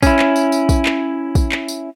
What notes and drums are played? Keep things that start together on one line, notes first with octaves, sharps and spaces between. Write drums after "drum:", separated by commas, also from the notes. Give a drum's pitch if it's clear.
C#4 E4, drum: kick, tambourine
drum: clap
drum: tambourine
drum: tambourine
drum: kick, tambourine
drum: clap
drum: kick, tambourine
drum: clap
drum: tambourine